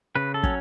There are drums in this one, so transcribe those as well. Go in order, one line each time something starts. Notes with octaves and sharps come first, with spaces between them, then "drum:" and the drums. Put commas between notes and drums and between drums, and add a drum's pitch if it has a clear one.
C#3 B4
A4
F#3 C#4, drum: kick